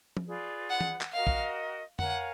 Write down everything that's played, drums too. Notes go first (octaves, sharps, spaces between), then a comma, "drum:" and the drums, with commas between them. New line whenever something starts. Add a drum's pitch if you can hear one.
drum: tom F3
F4 G#4 B4 D5
F#5
drum: tom
drum: clap
F#4 A#4 D#5 F5
drum: kick
A#4 C#5 F5 F#5 G#5, drum: tom F2